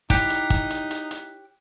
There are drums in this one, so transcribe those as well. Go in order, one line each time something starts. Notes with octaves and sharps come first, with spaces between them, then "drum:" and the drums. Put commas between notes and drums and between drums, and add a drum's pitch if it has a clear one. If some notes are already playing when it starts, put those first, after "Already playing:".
D#4 E4 G4 C#5 F#5 D6 F#6 B6, drum: kick, hi-hat
drum: hi-hat
drum: kick, hi-hat
drum: hi-hat
drum: hi-hat
drum: hi-hat